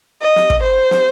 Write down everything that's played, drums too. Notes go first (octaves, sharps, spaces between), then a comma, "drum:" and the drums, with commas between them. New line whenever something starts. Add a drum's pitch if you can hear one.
D#5
drum: snare
drum: kick
C5
drum: snare